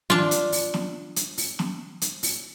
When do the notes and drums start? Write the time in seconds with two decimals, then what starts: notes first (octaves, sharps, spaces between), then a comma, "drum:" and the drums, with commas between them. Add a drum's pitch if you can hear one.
0.10 D4 F4, drum: tom
0.31 drum: hi-hat
0.52 drum: open hi-hat
0.74 drum: snare
1.16 drum: hi-hat
1.38 drum: open hi-hat
1.59 drum: snare
2.02 drum: hi-hat
2.23 drum: open hi-hat